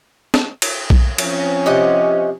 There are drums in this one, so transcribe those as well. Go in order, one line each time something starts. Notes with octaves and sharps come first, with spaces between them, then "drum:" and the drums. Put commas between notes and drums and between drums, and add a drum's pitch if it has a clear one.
drum: snare
drum: cymbal
drum: kick B1
F3 C4 C#4, drum: cymbal
C3 D#5 F#5